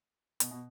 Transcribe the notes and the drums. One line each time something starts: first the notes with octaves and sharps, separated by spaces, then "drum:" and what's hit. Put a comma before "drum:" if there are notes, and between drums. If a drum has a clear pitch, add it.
B2, drum: hi-hat
B2